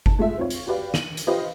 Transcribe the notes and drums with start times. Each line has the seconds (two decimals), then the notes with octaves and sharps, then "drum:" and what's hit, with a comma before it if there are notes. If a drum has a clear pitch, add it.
0.06 A5, drum: kick G1
0.19 G#3 A3 F4 E5
0.38 C4 F4 C#5
0.50 drum: hi-hat
0.67 F#4 G4 B4 D5 F5 G5
0.94 D#7 F#7, drum: snare
1.17 drum: hi-hat
1.27 F4 G4 B4 C5 D#5 F5